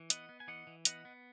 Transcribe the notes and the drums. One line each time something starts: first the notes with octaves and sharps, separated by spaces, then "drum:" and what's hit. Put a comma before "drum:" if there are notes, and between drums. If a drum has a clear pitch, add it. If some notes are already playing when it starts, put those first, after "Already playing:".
Already playing: E3
B3 D#5 F#5, drum: hi-hat
B3
G#5
E3 D#5 F#5
E3
B3 D#5 F#5, drum: hi-hat
B3